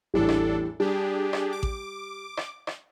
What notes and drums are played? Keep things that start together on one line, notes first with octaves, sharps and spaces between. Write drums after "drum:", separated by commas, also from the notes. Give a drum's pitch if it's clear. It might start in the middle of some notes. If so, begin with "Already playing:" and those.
A1 E2 A2 G3 D4 A4
drum: rim click
G3 D4 G4 G#4
drum: rim click
D6
drum: kick A1
drum: rim click
drum: rim click